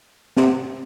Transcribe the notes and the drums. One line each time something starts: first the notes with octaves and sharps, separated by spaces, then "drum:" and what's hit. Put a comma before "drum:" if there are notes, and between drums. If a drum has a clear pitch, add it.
C3, drum: snare